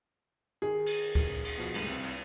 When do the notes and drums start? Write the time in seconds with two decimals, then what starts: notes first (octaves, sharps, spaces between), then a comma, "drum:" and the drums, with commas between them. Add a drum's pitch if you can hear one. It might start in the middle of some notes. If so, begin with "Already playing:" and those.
0.62 D#3 G#4
0.86 drum: cymbal
1.15 drum: kick C#2, cymbal
1.45 drum: cymbal
1.58 B2 F3 B3
1.74 C#2 G2 A3, drum: cymbal
1.87 C2 C4
2.03 drum: cymbal